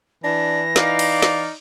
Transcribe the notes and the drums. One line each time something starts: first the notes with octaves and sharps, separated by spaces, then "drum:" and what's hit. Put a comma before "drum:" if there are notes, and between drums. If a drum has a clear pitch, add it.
E3 D4 A#6
D#4 D5 F5, drum: snare
drum: cymbal
drum: snare